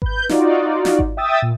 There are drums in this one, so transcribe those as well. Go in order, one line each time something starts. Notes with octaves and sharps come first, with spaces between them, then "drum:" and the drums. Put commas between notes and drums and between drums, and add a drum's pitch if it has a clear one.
B4 G6, drum: kick G#1
D#4 F4 F#4 D5, drum: snare
drum: snare
drum: kick G#1
E5 G5 D#6 E6 A6
A#2